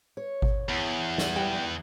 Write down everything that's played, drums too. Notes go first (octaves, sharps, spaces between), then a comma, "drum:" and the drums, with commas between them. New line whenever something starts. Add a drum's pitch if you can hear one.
C#5
drum: kick G#1
E2
drum: snare
G3 G5